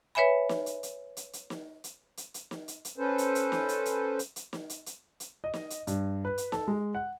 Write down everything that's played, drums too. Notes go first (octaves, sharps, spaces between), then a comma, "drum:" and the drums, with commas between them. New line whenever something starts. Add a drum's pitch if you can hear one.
B4 C#5 E5 G#5 B5
drum: snare
drum: hi-hat
drum: hi-hat
drum: hi-hat
drum: hi-hat
drum: snare
drum: hi-hat
drum: hi-hat
drum: hi-hat
drum: snare
drum: hi-hat
drum: hi-hat
C#4 A4 B4 C5
drum: hi-hat
drum: hi-hat
drum: snare
drum: hi-hat
drum: hi-hat
drum: hi-hat
drum: hi-hat
drum: snare
drum: hi-hat
drum: hi-hat
drum: hi-hat
D#5
drum: snare
drum: hi-hat
G2, drum: hi-hat
B4
drum: hi-hat
A4, drum: snare
G#3
F#5